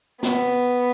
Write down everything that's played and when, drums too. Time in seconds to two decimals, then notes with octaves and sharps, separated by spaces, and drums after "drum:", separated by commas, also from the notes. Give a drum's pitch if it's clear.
0.23 B3, drum: snare